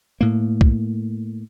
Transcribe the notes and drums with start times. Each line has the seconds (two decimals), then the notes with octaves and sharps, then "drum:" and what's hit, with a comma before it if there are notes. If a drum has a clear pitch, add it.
0.21 A2 A#3
0.61 drum: kick B1